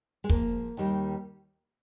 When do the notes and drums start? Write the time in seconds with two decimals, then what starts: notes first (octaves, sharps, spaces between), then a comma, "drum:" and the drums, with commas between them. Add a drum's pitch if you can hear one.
0.24 G#3
0.30 G#2 F3 A#3, drum: kick
0.77 D#2 D#3 G3